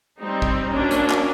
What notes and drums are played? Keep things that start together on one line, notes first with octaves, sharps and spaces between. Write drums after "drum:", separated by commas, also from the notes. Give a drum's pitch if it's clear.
G3 C4 D#4
drum: kick
F#3 A#3 C#4 D4
drum: hi-hat
drum: clap